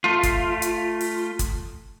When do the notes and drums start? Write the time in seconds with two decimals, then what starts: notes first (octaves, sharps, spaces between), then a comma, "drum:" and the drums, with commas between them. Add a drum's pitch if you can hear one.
0.04 A3 F4
0.23 drum: kick F#1, hi-hat
0.62 drum: hi-hat
1.01 drum: open hi-hat
1.39 drum: kick F#1, hi-hat